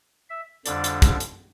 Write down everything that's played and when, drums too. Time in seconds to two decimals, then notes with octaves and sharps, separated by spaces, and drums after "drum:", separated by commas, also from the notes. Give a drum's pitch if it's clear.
0.30 E5
0.66 F2 D3 G3 D4 D5, drum: hi-hat
0.84 drum: hi-hat
1.02 drum: kick, hi-hat
1.20 drum: hi-hat